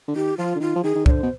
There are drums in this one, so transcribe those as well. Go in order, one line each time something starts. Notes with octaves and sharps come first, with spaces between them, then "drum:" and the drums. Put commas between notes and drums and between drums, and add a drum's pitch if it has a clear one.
D3
D#3 G4
F3 F4
D3
D#3 F4
F3
D#3 G#4
D#3
D3 C5 D5, drum: kick
B2